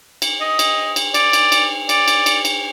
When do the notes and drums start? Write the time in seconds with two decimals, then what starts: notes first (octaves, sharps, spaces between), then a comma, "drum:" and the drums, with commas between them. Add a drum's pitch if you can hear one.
0.22 drum: cymbal
0.41 D#5
0.59 drum: cymbal
0.96 drum: cymbal
1.14 D5, drum: cymbal
1.33 drum: cymbal
1.52 drum: cymbal
1.89 D5, drum: cymbal
2.08 drum: cymbal
2.26 drum: cymbal
2.45 drum: cymbal